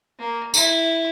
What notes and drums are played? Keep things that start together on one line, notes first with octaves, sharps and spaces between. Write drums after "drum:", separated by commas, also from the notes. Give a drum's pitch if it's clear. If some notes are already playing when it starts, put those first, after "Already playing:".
A#3
E4, drum: tambourine